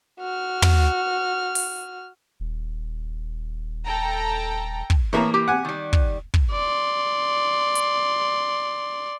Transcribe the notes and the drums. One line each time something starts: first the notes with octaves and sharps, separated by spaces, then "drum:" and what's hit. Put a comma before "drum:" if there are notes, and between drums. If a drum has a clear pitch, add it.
F#4 F6
drum: tom
drum: open hi-hat
D#1
A4 G5 A#5
drum: kick
A2 E3 A#3 E5 A#5
G4
F#5 G#5
D#3 G3
drum: kick
drum: kick
D5 C6
drum: hi-hat